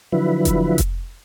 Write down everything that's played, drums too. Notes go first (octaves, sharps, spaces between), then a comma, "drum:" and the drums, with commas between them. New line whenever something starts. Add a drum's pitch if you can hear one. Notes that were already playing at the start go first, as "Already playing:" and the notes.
D3 F3 F#3 E4 B4
drum: kick F1, hi-hat
drum: kick F1, hi-hat